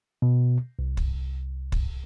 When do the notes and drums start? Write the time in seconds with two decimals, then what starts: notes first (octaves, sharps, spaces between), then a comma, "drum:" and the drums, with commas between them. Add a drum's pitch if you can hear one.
0.22 B2
0.79 C2
0.97 drum: kick
1.72 drum: kick